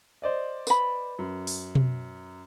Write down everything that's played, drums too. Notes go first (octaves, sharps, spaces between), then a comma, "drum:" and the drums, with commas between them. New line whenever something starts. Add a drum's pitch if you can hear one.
C5 D5 D#5
B4 B5, drum: tambourine
F#2
drum: open hi-hat
drum: tom B2